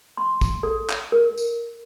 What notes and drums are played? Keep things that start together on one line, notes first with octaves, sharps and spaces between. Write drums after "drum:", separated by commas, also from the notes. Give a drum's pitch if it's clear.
C6
drum: kick, tambourine
A4
drum: clap
A#4
drum: tambourine